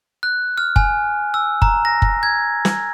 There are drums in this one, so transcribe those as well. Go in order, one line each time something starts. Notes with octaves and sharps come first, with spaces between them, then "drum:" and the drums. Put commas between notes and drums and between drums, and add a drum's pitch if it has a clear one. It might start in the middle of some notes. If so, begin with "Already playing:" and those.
F#6
F6
G#5, drum: kick F#1
E6
A#5, drum: kick F#1
A#6
drum: kick F#1
G#6
drum: snare